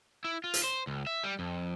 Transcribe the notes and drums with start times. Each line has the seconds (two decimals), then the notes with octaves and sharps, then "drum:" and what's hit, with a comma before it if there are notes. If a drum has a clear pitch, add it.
0.24 E4
0.44 F4
0.54 drum: hi-hat
0.64 C5
0.87 C#2
1.07 E5
1.24 G3
1.39 F2